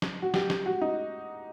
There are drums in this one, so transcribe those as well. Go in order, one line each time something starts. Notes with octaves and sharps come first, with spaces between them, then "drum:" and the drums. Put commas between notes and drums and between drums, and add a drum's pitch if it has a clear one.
drum: snare
F#4
G4, drum: snare
drum: snare
F#4
D#4